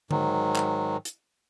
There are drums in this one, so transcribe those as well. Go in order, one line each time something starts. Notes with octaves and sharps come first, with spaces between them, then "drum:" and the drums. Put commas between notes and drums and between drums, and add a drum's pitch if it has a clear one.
G#2 D#3 F#3, drum: tom D3
drum: clap
drum: hi-hat